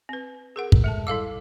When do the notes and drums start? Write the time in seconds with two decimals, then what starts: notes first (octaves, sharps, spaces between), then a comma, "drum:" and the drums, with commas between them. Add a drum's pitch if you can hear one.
0.09 C4 B4
0.56 G#4 A#4 F#5
0.72 drum: kick
0.84 G#3 A4 A5
1.07 G3 E4 A4 F5 E6